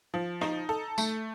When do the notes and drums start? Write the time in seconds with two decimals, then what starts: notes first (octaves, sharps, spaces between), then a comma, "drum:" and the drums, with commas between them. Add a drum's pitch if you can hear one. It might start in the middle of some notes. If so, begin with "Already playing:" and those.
0.14 F3
0.41 D#4, drum: rim click
0.69 A4
0.98 A3, drum: tambourine